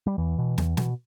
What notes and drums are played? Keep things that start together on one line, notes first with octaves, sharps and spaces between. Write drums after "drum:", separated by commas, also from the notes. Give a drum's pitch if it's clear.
G3
E2 E3
B2
E2, drum: snare
B2, drum: snare